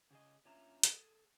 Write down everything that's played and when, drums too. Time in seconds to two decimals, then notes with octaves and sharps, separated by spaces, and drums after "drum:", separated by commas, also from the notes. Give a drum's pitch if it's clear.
0.11 C#3 G#4 D#5
0.45 A#2 C#4 D4 F4 E5 A#5
0.83 drum: hi-hat
0.93 G#4 A4